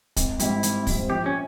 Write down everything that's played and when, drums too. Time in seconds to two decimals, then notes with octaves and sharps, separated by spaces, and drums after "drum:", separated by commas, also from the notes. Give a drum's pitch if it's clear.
0.17 G#1, drum: kick, hi-hat
0.40 G#2 G3 C4 E4, drum: hi-hat
0.63 G#1, drum: hi-hat
0.87 G#2 G3 C4, drum: kick, open hi-hat
1.09 A#1 G4
1.26 C#4